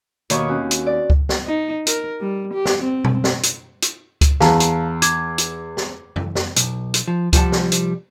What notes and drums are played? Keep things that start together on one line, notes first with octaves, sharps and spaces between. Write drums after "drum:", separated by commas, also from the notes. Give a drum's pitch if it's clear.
D#2 B2 D#3 C#5 C#6, drum: hi-hat
C4 C#4 F#4
drum: hi-hat
D5
drum: kick C#2
drum: snare
D#4
A#4, drum: hi-hat
G3
G4
drum: snare
C4
drum: tom B2
drum: snare
drum: hi-hat
drum: hi-hat
drum: kick C#2, hi-hat
E2 F5 A5 A#5, drum: snare
drum: hi-hat
D6 G#6, drum: hi-hat
drum: hi-hat
drum: snare
drum: tom F2
drum: snare
B1, drum: hi-hat
drum: hi-hat
F3
C2 F3 G3 F#4 F#5 A5, drum: kick C#2, hi-hat
drum: snare
drum: hi-hat